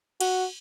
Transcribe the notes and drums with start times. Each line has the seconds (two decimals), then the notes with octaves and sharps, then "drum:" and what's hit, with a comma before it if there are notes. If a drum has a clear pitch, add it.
0.21 F#4, drum: cymbal